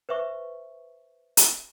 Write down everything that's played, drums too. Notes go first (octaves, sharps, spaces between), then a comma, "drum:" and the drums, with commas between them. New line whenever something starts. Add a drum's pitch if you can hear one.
B4 C5 E5 C#6
drum: hi-hat